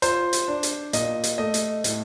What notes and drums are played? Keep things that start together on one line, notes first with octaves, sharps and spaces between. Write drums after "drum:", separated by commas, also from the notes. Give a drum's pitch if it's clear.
F4 C5, drum: hi-hat
drum: hi-hat
D4
drum: hi-hat
A#2 D#5, drum: hi-hat
drum: hi-hat
A3 D#5
drum: hi-hat
A2, drum: hi-hat